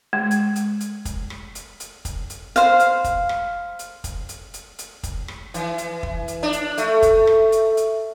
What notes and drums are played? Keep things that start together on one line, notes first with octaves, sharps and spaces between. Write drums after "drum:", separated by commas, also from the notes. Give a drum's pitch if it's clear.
G#3
drum: hi-hat
drum: hi-hat
drum: hi-hat
drum: kick, hi-hat
drum: rim click
drum: hi-hat
drum: hi-hat
drum: kick, hi-hat
drum: hi-hat
C5 F5, drum: hi-hat
drum: hi-hat
drum: kick, hi-hat
drum: rim click
drum: hi-hat
drum: kick, hi-hat
drum: hi-hat
drum: hi-hat
drum: hi-hat
drum: kick, hi-hat
drum: rim click
E3, drum: hi-hat
drum: hi-hat
drum: kick
drum: hi-hat
D4
drum: hi-hat
A3, drum: hi-hat
drum: kick, hi-hat
drum: rim click
drum: hi-hat
drum: hi-hat